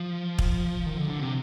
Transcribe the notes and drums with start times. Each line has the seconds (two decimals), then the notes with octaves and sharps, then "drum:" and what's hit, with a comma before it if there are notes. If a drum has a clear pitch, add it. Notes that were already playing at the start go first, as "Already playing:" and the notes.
Already playing: F3
0.39 drum: kick
0.86 D#3
0.97 D3
1.09 D3
1.20 C3